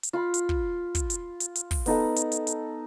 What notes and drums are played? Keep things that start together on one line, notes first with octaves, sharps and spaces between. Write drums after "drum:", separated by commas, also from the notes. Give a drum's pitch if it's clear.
drum: hi-hat
F4 B5
drum: hi-hat
drum: kick
drum: kick, hi-hat
drum: hi-hat
drum: hi-hat
drum: hi-hat
drum: kick, open hi-hat
B3 D#4 A4 F#5, drum: open hi-hat
drum: hi-hat
drum: hi-hat
drum: hi-hat